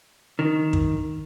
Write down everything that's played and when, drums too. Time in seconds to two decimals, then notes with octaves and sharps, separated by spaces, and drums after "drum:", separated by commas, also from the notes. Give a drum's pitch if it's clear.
0.39 D#3
0.73 drum: kick